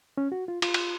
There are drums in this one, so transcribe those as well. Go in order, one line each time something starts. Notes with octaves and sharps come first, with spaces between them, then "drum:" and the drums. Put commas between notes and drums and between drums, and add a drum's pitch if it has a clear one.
C#4
F#4
F4
F4, drum: cymbal
drum: cymbal